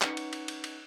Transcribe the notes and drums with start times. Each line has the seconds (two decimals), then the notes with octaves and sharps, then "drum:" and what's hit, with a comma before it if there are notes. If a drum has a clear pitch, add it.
0.02 C#4 D#4 B4 F#5 C#6 C#7, drum: clap
0.17 drum: cymbal
0.33 drum: cymbal
0.48 drum: cymbal
0.64 drum: cymbal